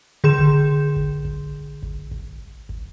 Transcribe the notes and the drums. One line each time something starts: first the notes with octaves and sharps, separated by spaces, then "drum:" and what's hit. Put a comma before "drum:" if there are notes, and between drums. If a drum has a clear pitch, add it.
D3 G#4 C6 G6 E7
drum: kick G1
drum: kick G1
drum: kick G1
drum: kick G1
drum: kick G1
drum: kick G1